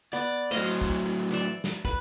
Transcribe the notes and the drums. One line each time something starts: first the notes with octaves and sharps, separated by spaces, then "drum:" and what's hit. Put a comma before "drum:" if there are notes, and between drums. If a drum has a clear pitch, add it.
B3 D5
A2 F#3 C5 D#5 F5
drum: kick
E3 D5 E5
drum: snare
B4, drum: kick